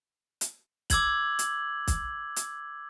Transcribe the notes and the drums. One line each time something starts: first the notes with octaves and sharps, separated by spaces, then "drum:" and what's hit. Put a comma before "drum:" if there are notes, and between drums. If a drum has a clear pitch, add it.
drum: hi-hat
D6 E6 G#6 F#7, drum: kick, hi-hat
drum: hi-hat
drum: kick, hi-hat
drum: hi-hat